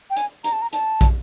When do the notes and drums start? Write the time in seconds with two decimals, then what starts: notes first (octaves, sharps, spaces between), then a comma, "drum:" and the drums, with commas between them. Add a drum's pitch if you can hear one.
0.10 G5
0.17 G#5, drum: hi-hat
0.44 A#5, drum: hi-hat
0.53 A5
0.62 A#5
0.73 A5, drum: hi-hat
1.01 drum: kick, hi-hat